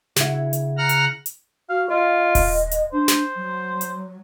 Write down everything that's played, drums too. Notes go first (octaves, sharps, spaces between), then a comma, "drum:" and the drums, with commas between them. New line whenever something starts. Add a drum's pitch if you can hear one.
C#3 E4 F#4, drum: snare
drum: hi-hat
F#5 A#5 F6
drum: hi-hat
drum: hi-hat
F#4 F5
F4 D#5
drum: kick D#1, open hi-hat
drum: hi-hat
D4 C5
drum: snare
F#3
drum: hi-hat